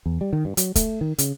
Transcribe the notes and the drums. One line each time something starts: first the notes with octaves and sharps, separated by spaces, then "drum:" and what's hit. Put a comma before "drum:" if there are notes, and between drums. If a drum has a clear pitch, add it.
E2
G3
D#3
G2
F#3, drum: hi-hat
A3, drum: kick, hi-hat
D#3
C#3, drum: hi-hat